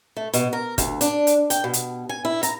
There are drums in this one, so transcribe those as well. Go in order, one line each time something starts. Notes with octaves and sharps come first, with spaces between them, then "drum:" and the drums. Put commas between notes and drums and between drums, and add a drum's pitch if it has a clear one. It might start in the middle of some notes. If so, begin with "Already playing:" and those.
A3
B2, drum: hi-hat
A#4
D2, drum: kick, hi-hat
D4, drum: hi-hat
drum: hi-hat
G5, drum: hi-hat
B2
drum: hi-hat
G#5
E4
A#5, drum: hi-hat